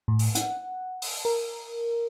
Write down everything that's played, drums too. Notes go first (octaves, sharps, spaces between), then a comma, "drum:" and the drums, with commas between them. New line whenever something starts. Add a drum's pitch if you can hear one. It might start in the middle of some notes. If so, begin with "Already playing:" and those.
A2
drum: open hi-hat
F#5, drum: hi-hat
drum: open hi-hat
A#4